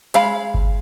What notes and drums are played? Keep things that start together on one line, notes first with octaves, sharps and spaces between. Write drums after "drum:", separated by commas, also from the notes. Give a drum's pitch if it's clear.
G#3 F5 B5, drum: hi-hat
drum: kick G1